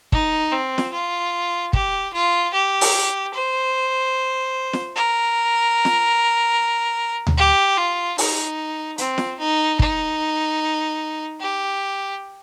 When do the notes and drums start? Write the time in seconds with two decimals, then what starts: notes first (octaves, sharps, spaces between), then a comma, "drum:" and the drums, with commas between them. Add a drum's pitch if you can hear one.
0.12 D#4, drum: kick
0.52 C4
0.78 drum: snare
0.93 F4
1.73 G4, drum: kick
2.13 F4
2.53 G4
2.81 drum: open hi-hat
3.34 C5
4.73 drum: snare
4.96 A#4
5.85 drum: snare
7.27 drum: tom D2
7.37 G4
7.77 F4
8.18 D#4, drum: open hi-hat
8.98 C4, drum: hi-hat
9.18 drum: snare
9.38 D#4
9.79 D#4, drum: kick
11.40 G4